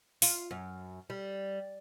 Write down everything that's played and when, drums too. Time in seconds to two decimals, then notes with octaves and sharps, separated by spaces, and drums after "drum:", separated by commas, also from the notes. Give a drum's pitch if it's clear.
0.22 F4, drum: open hi-hat
0.51 F#2
1.10 G3